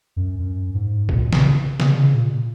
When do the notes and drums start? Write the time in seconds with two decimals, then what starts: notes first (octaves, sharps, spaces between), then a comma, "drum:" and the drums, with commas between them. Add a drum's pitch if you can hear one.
0.16 F#2
0.39 F#2
0.75 G#2
1.09 A#2, drum: kick B1
1.33 C#3, drum: snare
1.80 C#3, drum: snare
1.96 C#3
2.14 A#2